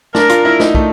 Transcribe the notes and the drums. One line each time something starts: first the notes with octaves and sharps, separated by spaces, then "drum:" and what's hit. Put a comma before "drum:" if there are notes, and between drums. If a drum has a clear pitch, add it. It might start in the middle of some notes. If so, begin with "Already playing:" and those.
D4 A#4, drum: snare
F4, drum: hi-hat
E4
D#4, drum: snare
A3, drum: kick